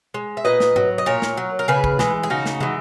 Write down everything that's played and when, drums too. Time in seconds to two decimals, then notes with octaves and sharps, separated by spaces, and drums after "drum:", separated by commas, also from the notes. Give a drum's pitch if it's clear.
0.14 G#3
0.37 E5
0.45 A#2 B4 D#5
0.60 drum: snare
0.76 F#3, drum: tom G#2
0.98 D#5
1.06 A#2 A#4 C#5
1.22 drum: snare
1.37 F#3
1.59 A#4
1.68 C#3 G#4 B4
1.84 drum: kick
1.99 E3 G#3, drum: snare
2.23 G#4
2.30 C#3 D#4 F#4
2.46 drum: snare
2.60 E3 G#3, drum: tom